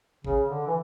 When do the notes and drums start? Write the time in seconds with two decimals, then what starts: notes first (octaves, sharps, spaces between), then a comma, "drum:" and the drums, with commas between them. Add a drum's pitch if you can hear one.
0.25 C#3, drum: kick G#1
0.48 D3
0.67 E3